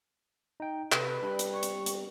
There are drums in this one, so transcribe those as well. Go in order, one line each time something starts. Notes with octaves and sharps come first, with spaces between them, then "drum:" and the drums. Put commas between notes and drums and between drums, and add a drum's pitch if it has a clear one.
D#4 G5
C3 A4 B4, drum: clap
G3 D4 B5
drum: hi-hat
C#6
drum: hi-hat
drum: hi-hat